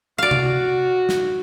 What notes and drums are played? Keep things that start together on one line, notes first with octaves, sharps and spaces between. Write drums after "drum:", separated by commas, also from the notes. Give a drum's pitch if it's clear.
F#4 D5 F5
drum: tom C3
drum: snare